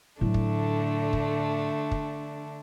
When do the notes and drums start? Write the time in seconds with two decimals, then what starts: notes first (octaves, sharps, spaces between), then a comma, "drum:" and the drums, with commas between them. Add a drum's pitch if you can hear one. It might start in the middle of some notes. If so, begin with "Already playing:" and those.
0.21 A2 D3 F#3 A3 D4
0.34 drum: kick
1.13 drum: kick
1.91 drum: kick